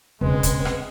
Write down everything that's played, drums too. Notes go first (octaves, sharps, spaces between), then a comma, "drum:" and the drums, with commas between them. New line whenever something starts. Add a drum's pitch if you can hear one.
E1 C#3 G#3 C4 B4
drum: kick, hi-hat
drum: rim click